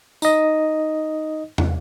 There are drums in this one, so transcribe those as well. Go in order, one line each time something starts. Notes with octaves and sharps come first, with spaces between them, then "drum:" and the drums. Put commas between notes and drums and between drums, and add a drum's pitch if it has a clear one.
D#4 D#5, drum: tambourine
drum: tom